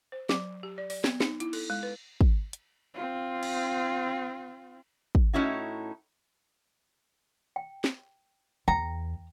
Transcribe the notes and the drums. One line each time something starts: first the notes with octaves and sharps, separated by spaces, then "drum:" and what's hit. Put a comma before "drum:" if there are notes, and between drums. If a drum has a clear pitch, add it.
C5
F#3, drum: snare
G4
D5
D5, drum: open hi-hat
B3, drum: snare
D#4, drum: snare
E4, drum: hi-hat
A4, drum: cymbal
G#3
B4
drum: kick
drum: hi-hat
C4 F4
drum: cymbal
drum: kick
A2 C#4 D#4 E4 F#4
G5
drum: snare
E2 G5 A#5